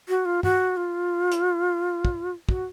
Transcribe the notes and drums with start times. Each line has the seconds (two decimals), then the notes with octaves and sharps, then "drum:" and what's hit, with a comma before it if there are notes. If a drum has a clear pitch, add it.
0.09 F#4
0.25 F4
0.43 F#4, drum: tom
0.77 F4
1.32 drum: hi-hat
2.05 drum: kick
2.49 F#4, drum: kick